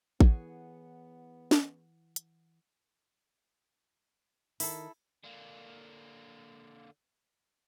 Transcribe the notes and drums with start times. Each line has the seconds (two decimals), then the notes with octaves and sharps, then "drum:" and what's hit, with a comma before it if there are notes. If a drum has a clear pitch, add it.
0.20 E3 B3 G#4 C#5 F#5, drum: kick A1
1.51 drum: snare
2.16 drum: hi-hat
4.60 D#3 E4 A4, drum: open hi-hat
5.23 D3 A#3